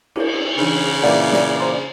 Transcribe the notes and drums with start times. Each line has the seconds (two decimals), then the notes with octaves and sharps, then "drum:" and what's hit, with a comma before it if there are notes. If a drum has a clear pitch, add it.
0.16 E4 A#4, drum: cymbal
0.58 C#3 E3 D4 D#4
1.03 A#2 E3 A#4 D5 F#5
1.33 drum: snare
1.60 C5 A#5 C6